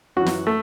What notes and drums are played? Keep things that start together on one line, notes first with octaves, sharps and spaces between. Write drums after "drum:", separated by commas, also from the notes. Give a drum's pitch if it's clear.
F#2 E3 F#4
drum: snare
A3